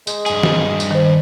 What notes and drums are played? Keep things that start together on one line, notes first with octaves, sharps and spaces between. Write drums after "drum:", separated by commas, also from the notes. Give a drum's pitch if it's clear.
G#3, drum: tambourine
G2 G#4 G#5, drum: tambourine
drum: snare
drum: tambourine
D#3 C5